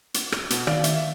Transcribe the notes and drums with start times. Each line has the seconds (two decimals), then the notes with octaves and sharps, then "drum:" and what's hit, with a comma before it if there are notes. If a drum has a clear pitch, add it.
0.14 drum: hi-hat
0.32 drum: rim click
0.50 B2, drum: hi-hat
0.67 D#3 D5 F5, drum: rim click
0.84 E5, drum: hi-hat